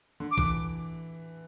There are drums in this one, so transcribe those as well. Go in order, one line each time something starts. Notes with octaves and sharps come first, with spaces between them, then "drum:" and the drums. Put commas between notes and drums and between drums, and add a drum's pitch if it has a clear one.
D3
D6
E3, drum: kick